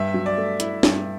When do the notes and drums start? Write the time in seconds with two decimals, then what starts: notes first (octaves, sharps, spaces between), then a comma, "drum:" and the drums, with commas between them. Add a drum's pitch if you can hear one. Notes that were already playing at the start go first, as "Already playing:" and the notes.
Already playing: G2 E5
0.14 F#3
0.26 D5
0.38 A3
0.60 E4, drum: hi-hat
0.83 G2, drum: snare